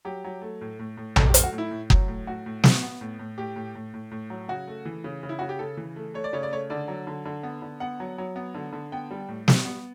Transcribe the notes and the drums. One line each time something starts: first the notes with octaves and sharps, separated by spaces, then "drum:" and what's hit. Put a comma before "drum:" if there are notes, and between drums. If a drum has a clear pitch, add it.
F#3 G4
F#3
A3
A2
A2
A2
F#3 A4, drum: tom A#1
G4
A3, drum: hi-hat
F#4
A2
E4
A2
F#3, drum: kick F#1
A2
A2 F#4
A2
B3, drum: snare
B3
A2
A2
A2 G4
A2
A2
A2
A2
F#3
C#3 F#4
A3
E3
C#3
C#3
E4
C#3 F#4
G4
C#3 A4
E3
A3
A3 C#5
D5
C#3 C#5
D5
A3 C#5
D3 D5
F#3
D3
D3
B3
D3
B3 F#5
F#3
F#3
B3
D3
D3
B3 G5
G3
A2
G3, drum: snare
B3